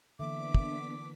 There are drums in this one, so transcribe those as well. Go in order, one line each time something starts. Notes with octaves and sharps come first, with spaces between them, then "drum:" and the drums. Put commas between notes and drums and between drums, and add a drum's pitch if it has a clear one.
D3 E3 A#3 B3 D4 E5 D6 B6
drum: kick